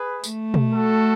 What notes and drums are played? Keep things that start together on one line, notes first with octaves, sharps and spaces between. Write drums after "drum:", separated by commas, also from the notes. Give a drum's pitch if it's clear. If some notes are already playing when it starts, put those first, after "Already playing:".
Already playing: G#4 B4
A3, drum: tambourine
drum: tom B2
F#4 A4